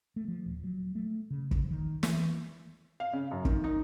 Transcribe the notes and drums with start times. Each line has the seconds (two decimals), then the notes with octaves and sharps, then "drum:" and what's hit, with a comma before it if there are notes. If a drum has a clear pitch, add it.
0.16 A3
0.28 F3
0.46 D#1
0.64 F#3
0.95 A3
1.31 C#3
1.51 F2, drum: kick
1.71 D#3
2.03 E3, drum: snare
3.00 F5
3.13 C#3
3.31 F#2
3.45 D#3, drum: kick
3.64 D#4